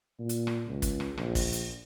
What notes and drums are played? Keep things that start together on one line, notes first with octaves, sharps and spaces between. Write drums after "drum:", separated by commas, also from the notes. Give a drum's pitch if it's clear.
A#2
drum: hi-hat
drum: rim click
C#2
drum: kick, hi-hat
drum: rim click
A#1, drum: rim click
drum: kick, open hi-hat
drum: hi-hat